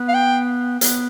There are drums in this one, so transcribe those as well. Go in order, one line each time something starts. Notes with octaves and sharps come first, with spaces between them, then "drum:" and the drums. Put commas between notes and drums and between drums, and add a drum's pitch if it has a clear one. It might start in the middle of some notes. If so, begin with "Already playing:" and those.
Already playing: B3
F5
G5
B3, drum: hi-hat